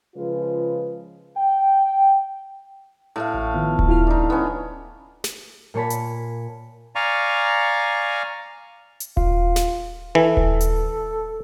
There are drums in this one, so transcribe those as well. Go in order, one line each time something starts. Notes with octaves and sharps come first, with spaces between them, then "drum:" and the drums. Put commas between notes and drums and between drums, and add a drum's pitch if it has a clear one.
C#3 F3 G#3 F4 B4
G5
A2 A3 F5
A1
D#3 F3 B3
drum: kick D#1
E4 F4 F6
D4 D#4
B3 C#4
drum: snare
A#2 A#3 C#5 A5 B5
drum: hi-hat
D5 F5 G#5 A#5 C#6
drum: hi-hat
F4, drum: kick D#1
drum: snare
E3 A4
drum: kick D#1
drum: hi-hat